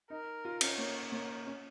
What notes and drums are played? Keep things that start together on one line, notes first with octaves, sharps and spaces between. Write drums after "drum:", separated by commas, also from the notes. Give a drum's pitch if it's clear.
D#4 A#4
F4
C#4, drum: cymbal
A#3 C#5
A#3
C#4